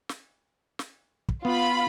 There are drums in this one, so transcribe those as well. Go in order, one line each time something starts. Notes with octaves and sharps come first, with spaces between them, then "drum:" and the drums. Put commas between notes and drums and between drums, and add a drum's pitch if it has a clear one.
drum: snare
drum: snare
drum: kick
B3 F4 B5